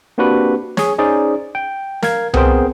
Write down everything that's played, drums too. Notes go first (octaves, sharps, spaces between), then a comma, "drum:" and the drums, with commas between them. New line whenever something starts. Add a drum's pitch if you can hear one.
A#3 C4 D4 F#4 G4 B4
G#4 C#5, drum: snare
C#4 D#4 G#4 C5 D5
G5
A#4 F5 G#6, drum: snare
B3 C4 G#4 A#4 C5 G5, drum: tom C2